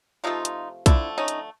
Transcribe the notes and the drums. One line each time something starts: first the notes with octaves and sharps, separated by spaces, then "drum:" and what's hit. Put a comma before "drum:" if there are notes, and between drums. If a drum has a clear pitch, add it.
C3 F3 A3 D#4 F4
drum: hi-hat
D3 F3 A3 D4 E4, drum: kick B1, hi-hat
C#4 D#4
drum: hi-hat